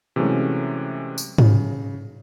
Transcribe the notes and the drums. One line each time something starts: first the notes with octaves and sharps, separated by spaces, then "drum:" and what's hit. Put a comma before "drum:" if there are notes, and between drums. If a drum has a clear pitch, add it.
C3 E3 F#3 G#3 A3 C#4
drum: tambourine
C#3, drum: tom G#2